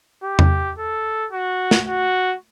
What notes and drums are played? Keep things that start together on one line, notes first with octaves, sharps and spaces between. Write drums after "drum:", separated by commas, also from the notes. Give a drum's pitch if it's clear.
G4
drum: tom E2
A4
F#4
drum: snare
F#4